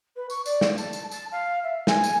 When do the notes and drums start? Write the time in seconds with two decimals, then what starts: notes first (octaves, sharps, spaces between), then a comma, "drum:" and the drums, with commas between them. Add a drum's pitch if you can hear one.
0.16 B4
0.30 C#6, drum: tambourine
0.46 D5, drum: tambourine
0.61 drum: snare
0.78 A5, drum: tambourine
0.93 drum: tambourine
1.11 A5, drum: tambourine
1.32 F5
1.63 E5
1.87 G#5, drum: snare
2.04 drum: tambourine